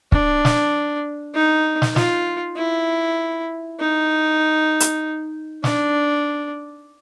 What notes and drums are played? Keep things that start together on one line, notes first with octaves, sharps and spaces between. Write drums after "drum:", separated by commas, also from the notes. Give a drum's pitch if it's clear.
D4, drum: kick
drum: snare
D#4
drum: snare
F4, drum: snare
E4
D#4
drum: hi-hat
D4, drum: snare